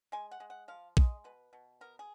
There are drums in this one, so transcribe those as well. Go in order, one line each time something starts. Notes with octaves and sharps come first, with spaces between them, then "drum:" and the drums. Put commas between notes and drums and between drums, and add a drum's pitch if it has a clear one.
G#3 G#5
F#5
G#3
F#5
F3 F5
G#3 D#5, drum: kick
B2 B4
B2
B3 A#4
G#4